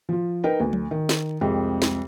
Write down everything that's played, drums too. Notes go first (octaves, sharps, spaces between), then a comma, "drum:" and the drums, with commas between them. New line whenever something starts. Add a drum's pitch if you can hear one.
F3 F4
D#4 A#4 B4 G5
D2
drum: tom F3
D#3
drum: snare
C2 F2 G3 G#3
drum: snare